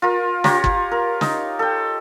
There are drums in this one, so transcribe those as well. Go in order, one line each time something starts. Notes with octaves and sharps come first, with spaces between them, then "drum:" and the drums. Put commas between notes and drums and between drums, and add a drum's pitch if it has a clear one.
F4 A#4
F4 G4 C#5 A#5, drum: snare
drum: kick G1
A#4
D#4, drum: snare
A4 G5